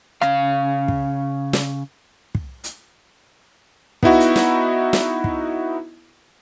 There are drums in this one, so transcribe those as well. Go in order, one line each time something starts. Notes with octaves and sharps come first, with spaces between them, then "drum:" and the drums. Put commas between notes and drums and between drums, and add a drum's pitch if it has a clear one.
C#3 F5, drum: rim click
drum: kick
drum: snare
drum: kick
drum: hi-hat
B3 D#4 E4 F#4, drum: kick
drum: hi-hat
drum: snare
drum: snare
drum: kick